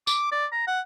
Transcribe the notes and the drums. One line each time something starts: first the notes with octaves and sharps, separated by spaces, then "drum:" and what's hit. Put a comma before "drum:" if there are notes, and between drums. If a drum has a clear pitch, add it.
D6, drum: tambourine
D5
A#5
F#5